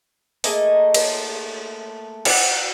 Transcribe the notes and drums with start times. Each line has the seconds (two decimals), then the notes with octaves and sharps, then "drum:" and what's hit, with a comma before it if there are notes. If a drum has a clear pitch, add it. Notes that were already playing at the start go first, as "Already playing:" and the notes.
0.44 A3 A#3 G#4 D#5, drum: open hi-hat
0.94 drum: cymbal
2.25 F#4 D5 F#5, drum: cymbal